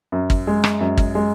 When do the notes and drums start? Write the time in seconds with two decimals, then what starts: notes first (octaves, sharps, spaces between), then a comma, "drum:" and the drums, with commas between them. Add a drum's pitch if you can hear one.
0.12 F#2
0.30 drum: kick G#1
0.47 G#3
0.64 drum: rim click
0.80 F#2
0.97 drum: kick G#1
1.15 G#3